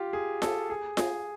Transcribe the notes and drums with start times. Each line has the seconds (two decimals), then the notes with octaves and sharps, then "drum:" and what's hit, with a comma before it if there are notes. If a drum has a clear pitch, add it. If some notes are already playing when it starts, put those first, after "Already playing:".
Already playing: F4 G4
0.13 G#4
0.42 A4, drum: snare F4
0.70 G#4
0.97 G#4, drum: snare F4